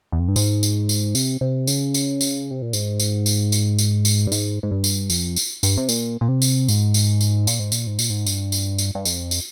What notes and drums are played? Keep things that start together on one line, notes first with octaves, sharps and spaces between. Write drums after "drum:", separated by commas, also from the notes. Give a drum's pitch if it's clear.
E2
F2
G2
G#2, drum: tambourine
drum: tambourine
drum: tambourine
C3, drum: tambourine
C3
C#3, drum: tambourine
drum: tambourine
drum: tambourine
C3
A#2
G#2, drum: tambourine
drum: tambourine
drum: tambourine
drum: tambourine
drum: tambourine
drum: tambourine
G2
G#2, drum: tambourine
G#2
G2
drum: tambourine
F2, drum: tambourine
drum: tambourine
G2, drum: tambourine
C3
A#2, drum: tambourine
A#2
C3
drum: tambourine
G#2, drum: tambourine
drum: tambourine
drum: tambourine
A#2, drum: tambourine
G#2
A#2, drum: tambourine
G#2
A#2, drum: tambourine
G#2
G2, drum: tambourine
drum: tambourine
drum: tambourine
G2
F2, drum: tambourine
drum: tambourine